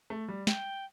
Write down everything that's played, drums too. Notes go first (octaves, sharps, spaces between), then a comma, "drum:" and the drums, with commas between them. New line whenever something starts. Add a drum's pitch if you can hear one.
A3
G3
G5, drum: snare